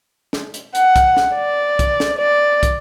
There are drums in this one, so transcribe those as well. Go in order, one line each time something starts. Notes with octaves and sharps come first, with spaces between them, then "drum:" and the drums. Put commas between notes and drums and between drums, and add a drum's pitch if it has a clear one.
drum: snare
drum: hi-hat
F#5, drum: hi-hat
drum: kick, hi-hat
drum: snare
D5
drum: kick, hi-hat
drum: snare
D5
drum: kick, hi-hat